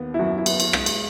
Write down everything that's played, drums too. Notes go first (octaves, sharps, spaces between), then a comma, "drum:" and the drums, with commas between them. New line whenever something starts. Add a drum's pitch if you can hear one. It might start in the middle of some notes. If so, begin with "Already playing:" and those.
Already playing: D#2 B3
E4
F#2 F#4
E4
B3, drum: cymbal
drum: cymbal
G#3, drum: rim click
drum: cymbal